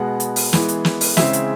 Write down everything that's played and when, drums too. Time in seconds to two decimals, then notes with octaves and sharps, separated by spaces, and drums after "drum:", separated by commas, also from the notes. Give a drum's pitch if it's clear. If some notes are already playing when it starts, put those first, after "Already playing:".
Already playing: B2 G#3 B3 F#5
0.20 drum: hi-hat
0.36 drum: open hi-hat
0.53 E3 G#3 B3, drum: snare
0.68 drum: hi-hat
0.85 drum: snare
1.01 drum: open hi-hat
1.17 C#3 E3 G#3 C4 E5, drum: snare
1.33 drum: hi-hat